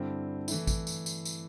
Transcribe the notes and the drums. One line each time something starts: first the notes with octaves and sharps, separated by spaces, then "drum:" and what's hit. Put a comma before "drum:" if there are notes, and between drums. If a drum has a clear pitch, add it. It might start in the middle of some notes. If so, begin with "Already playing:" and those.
Already playing: G2 D3 C4 E4
E3 A3 E4, drum: tambourine
drum: kick A1, tambourine
drum: tambourine
drum: tambourine
drum: tambourine